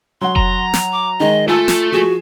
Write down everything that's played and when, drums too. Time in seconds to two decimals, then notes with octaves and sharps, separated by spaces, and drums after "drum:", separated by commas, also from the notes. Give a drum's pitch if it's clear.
0.21 F#3 F#5 C6
0.36 A#5, drum: kick F1
0.74 drum: snare
0.93 D6
1.20 D#3 G#3 D#5
1.48 A3 F4 A4 G#5 A5 E6
1.68 drum: snare
1.92 F3 F#4 G#4 E7